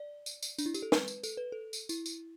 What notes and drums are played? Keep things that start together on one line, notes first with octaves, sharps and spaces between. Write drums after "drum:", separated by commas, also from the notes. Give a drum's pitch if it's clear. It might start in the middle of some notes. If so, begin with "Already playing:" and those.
Already playing: D5
drum: tambourine
drum: tambourine
D4, drum: tambourine
E4
G4, drum: tambourine
A4
B4, drum: snare
drum: tambourine
A4, drum: tambourine
B4
A4
drum: tambourine
E4, drum: tambourine
drum: tambourine